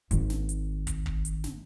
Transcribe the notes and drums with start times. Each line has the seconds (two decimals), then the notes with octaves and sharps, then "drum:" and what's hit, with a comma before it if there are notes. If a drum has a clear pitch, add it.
0.11 G#1 D#3, drum: hi-hat
0.30 drum: snare
0.49 drum: hi-hat
0.87 drum: kick, hi-hat
1.06 drum: kick
1.25 drum: hi-hat
1.44 drum: snare